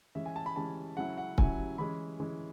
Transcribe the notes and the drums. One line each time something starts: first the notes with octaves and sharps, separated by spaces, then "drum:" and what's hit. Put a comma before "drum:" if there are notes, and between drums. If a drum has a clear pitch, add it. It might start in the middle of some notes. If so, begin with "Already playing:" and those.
E3 G#3 C#4 E5
G#5
A5
B5
E3 G#3 C#4 A5
C#3 F#3 C#4 E4 F#5
F#5
C#3 F#3 C#4 E4 G#5, drum: kick C#1
E3 G#3 C#4 B5
E3 G#3 C#4